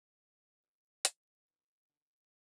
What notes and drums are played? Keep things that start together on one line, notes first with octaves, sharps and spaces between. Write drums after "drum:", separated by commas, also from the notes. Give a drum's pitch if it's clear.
B3
D4 F#4 B4 D5
F3, drum: hi-hat
B3 D#4
D3